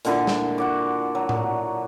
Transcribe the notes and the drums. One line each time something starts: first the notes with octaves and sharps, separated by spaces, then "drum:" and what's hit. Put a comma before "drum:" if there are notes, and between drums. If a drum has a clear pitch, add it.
A#2 D3 E4, drum: hi-hat
drum: snare
F#4 F#5 D6
F#3
drum: tom A2